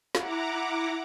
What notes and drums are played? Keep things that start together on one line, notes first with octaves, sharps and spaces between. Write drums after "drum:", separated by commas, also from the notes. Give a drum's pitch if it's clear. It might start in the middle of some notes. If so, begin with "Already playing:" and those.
E4 F#5 A#5 D6, drum: snare